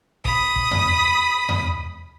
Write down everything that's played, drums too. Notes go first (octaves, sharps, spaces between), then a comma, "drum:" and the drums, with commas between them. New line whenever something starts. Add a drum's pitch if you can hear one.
B5 D#6, drum: kick
drum: kick
drum: tom E2
drum: tom E2